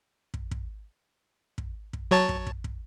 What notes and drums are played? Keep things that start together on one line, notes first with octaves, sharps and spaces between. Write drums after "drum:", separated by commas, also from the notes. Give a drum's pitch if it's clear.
drum: kick
drum: kick
drum: kick
drum: kick
F#3 C#5 A5
drum: kick
drum: kick
drum: kick